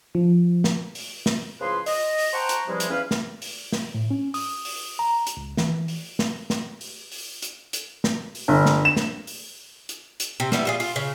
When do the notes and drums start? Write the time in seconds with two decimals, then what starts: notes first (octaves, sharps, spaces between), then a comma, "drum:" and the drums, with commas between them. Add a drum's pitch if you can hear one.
0.15 F3
0.64 drum: snare
0.95 drum: open hi-hat
1.26 drum: snare
1.61 C#2 F3 E4 G#4 B4 C6
1.86 D#5, drum: open hi-hat
2.18 drum: open hi-hat
2.33 C5 F#5 G5 A5 A#5 C#6
2.49 drum: hi-hat
2.68 C3 E3 F3 G3 G#3
2.80 drum: hi-hat
2.90 E2 C#4 B4 F5
3.11 drum: snare
3.42 drum: open hi-hat
3.73 drum: snare
3.95 A2
4.11 C#4
4.34 D#6, drum: open hi-hat
4.65 drum: open hi-hat
4.99 A#5
5.27 drum: hi-hat
5.37 C#2
5.57 E3, drum: snare
5.88 drum: open hi-hat
6.19 drum: snare
6.50 drum: snare
6.81 drum: open hi-hat
7.12 drum: open hi-hat
7.42 drum: hi-hat
7.73 drum: hi-hat
8.04 drum: snare
8.35 drum: open hi-hat
8.48 G1
8.66 drum: snare
8.85 E7
8.97 drum: snare
9.27 drum: open hi-hat
9.89 drum: hi-hat
10.20 drum: hi-hat
10.40 C3
10.52 G3 B3 D#4 E4, drum: snare
10.65 G3 F4 G#4
10.80 F4, drum: open hi-hat
10.96 C#3